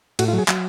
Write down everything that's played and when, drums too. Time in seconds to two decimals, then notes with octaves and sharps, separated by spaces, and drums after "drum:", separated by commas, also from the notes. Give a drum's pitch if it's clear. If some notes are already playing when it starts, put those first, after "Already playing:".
0.19 A2 F#4, drum: cymbal
0.28 F4
0.34 F#3 G#4
0.48 F#3, drum: clap